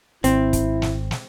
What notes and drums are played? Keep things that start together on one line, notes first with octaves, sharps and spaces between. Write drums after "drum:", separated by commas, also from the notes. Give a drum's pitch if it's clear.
G#1 C4 E4, drum: hi-hat
drum: kick, hi-hat
drum: snare
drum: snare